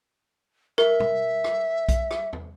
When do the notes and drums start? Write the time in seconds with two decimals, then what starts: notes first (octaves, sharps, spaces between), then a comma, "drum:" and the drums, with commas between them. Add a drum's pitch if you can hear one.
0.78 A#4 E5, drum: rim click
1.00 drum: tom
1.44 drum: rim click
1.89 drum: kick B1, hi-hat
2.11 drum: rim click
2.33 drum: tom E2